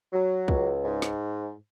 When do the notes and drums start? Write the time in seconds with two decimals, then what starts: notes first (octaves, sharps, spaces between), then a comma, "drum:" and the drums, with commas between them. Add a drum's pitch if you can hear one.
0.12 F#3
0.48 C#2, drum: kick
0.84 G#2
1.02 drum: snare